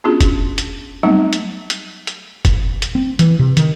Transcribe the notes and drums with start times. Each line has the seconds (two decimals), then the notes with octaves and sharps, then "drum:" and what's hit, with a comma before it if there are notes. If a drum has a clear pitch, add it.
0.04 B3 C#4 D4 F4 F#4 G#4
0.21 drum: kick F1, hi-hat
0.58 drum: hi-hat
1.03 F#3 G3 A3 B3 C4 D#4
1.33 drum: hi-hat
1.70 drum: hi-hat
2.07 drum: hi-hat
2.45 drum: kick F1, hi-hat
2.82 drum: hi-hat
2.95 C4
3.19 E3, drum: hi-hat
3.39 C3
3.57 D#3, drum: hi-hat